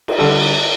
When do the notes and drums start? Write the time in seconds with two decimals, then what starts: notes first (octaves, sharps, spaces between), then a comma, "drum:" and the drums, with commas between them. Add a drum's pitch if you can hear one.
0.08 drum: cymbal
0.19 D3 G3 A4